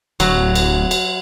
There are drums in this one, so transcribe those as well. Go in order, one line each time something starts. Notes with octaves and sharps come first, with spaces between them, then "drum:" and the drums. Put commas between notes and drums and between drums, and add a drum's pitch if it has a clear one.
D1 F#3, drum: cymbal
drum: cymbal
drum: cymbal